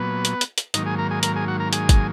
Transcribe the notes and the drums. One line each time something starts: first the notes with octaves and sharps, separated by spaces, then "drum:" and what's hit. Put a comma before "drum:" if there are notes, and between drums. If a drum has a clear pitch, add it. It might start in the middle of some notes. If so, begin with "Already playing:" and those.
Already playing: A#2 F#3 B3 B4
drum: hi-hat
drum: hi-hat
drum: hi-hat
G#2 D#3 F#3 A#3 D#4 D#5, drum: hi-hat
G#4 G#5
A#4 A#5
G#4 G#5
A#4 A#5, drum: hi-hat
G#4 G#5
F#4 F#5
A#4 A#5
G#4 G#5, drum: hi-hat
drum: kick G#1, hi-hat